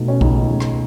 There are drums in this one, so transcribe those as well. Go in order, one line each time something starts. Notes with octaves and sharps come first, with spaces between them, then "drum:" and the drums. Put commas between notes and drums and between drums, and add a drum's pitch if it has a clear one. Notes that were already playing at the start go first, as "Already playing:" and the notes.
Already playing: B2 A3 D#4
C#4
C#2 D#4, drum: kick
C#2
drum: rim click